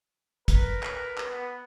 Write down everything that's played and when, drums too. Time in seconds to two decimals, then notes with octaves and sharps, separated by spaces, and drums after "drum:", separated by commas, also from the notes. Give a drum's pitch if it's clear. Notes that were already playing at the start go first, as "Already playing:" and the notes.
0.48 A#4 B4, drum: kick, hi-hat
0.83 drum: clap
1.18 drum: clap
1.28 B3